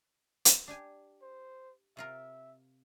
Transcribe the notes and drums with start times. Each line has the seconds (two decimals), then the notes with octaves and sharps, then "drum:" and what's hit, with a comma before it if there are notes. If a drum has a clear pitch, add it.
0.45 drum: hi-hat
0.68 D4 G4 G#5
1.22 C5
1.97 C3 F4 A#4 E5